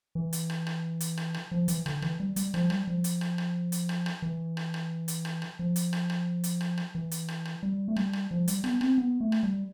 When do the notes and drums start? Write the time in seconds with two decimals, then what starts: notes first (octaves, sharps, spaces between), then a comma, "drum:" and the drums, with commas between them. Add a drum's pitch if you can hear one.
0.15 E3
0.33 drum: hi-hat
0.50 drum: rim click
0.67 drum: rim click
1.00 drum: hi-hat
1.17 drum: rim click
1.34 drum: rim click
1.51 F3
1.68 E3, drum: hi-hat
1.86 D3, drum: rim click
2.02 E3, drum: rim click
2.20 G3
2.36 G3, drum: hi-hat
2.54 F3, drum: rim click
2.70 G3, drum: rim click
2.87 F3
3.04 drum: hi-hat
3.21 drum: rim click
3.38 drum: rim click
3.72 drum: hi-hat
3.89 drum: rim click
4.06 drum: rim click
4.22 E3
4.57 drum: rim click
4.74 drum: rim click
5.08 drum: hi-hat
5.25 drum: rim click
5.42 drum: rim click
5.59 F3
5.76 drum: hi-hat
5.93 drum: rim click
6.10 drum: rim click
6.44 drum: hi-hat
6.61 drum: rim click
6.78 drum: rim click
6.95 E3
7.11 drum: hi-hat
7.28 drum: rim click
7.45 drum: rim click
7.63 G3
7.88 A3
7.96 G3, drum: rim click
8.13 drum: rim click
8.31 F3
8.48 G3, drum: hi-hat
8.64 B3, drum: rim click
8.81 C4, drum: rim click
8.98 B3
9.20 A3
9.32 drum: rim click
9.43 G3